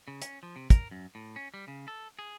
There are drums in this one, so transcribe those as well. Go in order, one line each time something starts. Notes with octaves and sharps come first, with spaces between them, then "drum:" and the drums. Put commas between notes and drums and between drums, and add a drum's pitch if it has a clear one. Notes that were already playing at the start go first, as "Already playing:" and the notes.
C#3
C#4, drum: hi-hat
F3
C3
A#4, drum: kick, hi-hat
F#2
A2
C#4
G3
C#3
A4
G#4